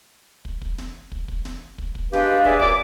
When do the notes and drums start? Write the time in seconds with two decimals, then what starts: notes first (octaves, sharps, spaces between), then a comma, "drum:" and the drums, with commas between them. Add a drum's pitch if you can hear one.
0.45 drum: kick
0.62 drum: kick
0.78 drum: snare
1.12 drum: kick
1.28 drum: kick
1.45 drum: snare
1.78 drum: kick
1.95 drum: kick
2.13 G#3 D4 G4 B4 F5, drum: snare
2.45 G#4 B4 D5 E5, drum: kick
2.59 F#2 D5 D6, drum: kick